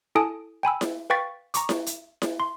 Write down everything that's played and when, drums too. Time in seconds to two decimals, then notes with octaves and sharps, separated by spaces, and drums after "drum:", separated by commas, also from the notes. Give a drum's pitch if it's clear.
0.15 E4 A4 G#5 A5 D#6 D7
0.63 G5 G#5 B5 E6
0.81 drum: snare E4
1.10 B4 F5 G5 C#6 A6 B6
1.54 A#5 C#6 D6, drum: hi-hat
1.69 drum: snare E4
1.86 drum: hi-hat
2.22 drum: snare E4
2.40 C6